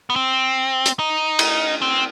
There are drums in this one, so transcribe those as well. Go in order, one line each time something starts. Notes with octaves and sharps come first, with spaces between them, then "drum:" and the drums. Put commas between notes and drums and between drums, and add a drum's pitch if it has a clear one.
B3
C4
drum: hi-hat
D#4
drum: cymbal
C4